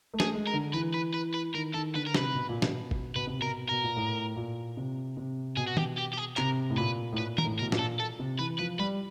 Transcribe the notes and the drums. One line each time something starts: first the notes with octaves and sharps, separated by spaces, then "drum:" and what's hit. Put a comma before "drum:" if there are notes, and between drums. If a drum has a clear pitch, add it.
A3
G#4, drum: snare
G#3
A#4
D3
E3 B4
B4
B4
B4
D#3 A#4
D#3 A4
D3 B4
A#4
C3 B4, drum: snare
B2
A#2
B2, drum: snare
drum: kick
B2 B4
C3
B2 A#4
B2 A#4
A#2
A2
A#2
C3
C3
B2 G#4
F#4
G4, drum: tom
G4
G4
G#4
C3 A#4, drum: clap
A2
A#2 B4
A2
A#2 B4
A#4, drum: tom
A2
B2 A#4
A#2, drum: snare
A4
A4
C3
E3 B4
F3 B4
G3 B4